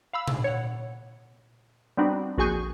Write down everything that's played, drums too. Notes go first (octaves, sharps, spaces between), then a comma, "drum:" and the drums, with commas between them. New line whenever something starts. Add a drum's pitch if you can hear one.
F5 B5 E6
drum: tom A#2
C#5 F#5
G3 B3 C4 D4 D#4 F#4
A#1 F#4 G#4 G#5 C#6 G6